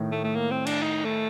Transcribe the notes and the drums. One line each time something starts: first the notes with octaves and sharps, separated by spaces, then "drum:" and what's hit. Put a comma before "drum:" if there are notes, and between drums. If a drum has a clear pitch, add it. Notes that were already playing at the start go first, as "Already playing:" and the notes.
Already playing: A2 D#3
A3
A3
A#3
C4
D4, drum: cymbal
D#4
A3